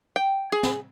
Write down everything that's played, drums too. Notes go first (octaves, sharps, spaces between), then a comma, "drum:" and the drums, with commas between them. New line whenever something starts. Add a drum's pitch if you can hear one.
G5
G#4
drum: snare